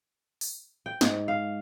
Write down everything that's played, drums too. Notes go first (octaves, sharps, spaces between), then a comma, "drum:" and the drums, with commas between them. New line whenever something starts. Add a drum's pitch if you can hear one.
drum: open hi-hat
G5
G#2, drum: snare
F5